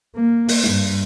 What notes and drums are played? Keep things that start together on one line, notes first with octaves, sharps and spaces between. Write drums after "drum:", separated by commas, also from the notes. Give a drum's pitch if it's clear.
A#3
drum: open hi-hat
G2, drum: snare